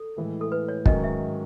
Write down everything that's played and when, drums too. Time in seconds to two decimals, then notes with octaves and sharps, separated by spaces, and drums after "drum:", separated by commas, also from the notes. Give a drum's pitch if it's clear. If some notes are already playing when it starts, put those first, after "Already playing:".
Already playing: A4
0.16 A2 E3 G#3
0.41 A4
0.52 B4
0.68 C#5
0.86 G#2 D#3 F#3 C#4 D#5, drum: kick
1.04 E5